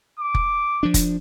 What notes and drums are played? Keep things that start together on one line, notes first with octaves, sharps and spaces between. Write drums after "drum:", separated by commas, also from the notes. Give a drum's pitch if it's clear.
D6
drum: kick F1
F3 D4
drum: kick F1, hi-hat